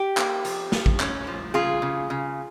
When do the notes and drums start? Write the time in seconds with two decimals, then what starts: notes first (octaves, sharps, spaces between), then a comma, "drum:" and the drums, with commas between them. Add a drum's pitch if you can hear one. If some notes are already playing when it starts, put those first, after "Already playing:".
Already playing: G4
0.17 A#3, drum: clap
0.45 F3, drum: hi-hat
0.72 F3, drum: snare
0.86 drum: kick A1
1.00 C#4, drum: clap
1.27 F3
1.54 C#3 F4 G#4
1.82 C#3
2.10 C#3